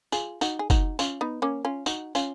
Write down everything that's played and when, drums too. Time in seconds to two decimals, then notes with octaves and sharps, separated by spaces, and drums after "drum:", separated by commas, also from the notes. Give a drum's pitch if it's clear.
0.12 F4 G#4, drum: tambourine
0.41 D#4 F#4, drum: tambourine
0.59 G#4
0.70 D#4 F#4, drum: kick, tambourine
0.99 C#4 F4, drum: tambourine
1.21 B3 D#4
1.42 A#3 C#4
1.65 C#4 F4
1.86 D#4 F#4, drum: tambourine
2.15 C#4 F4, drum: tambourine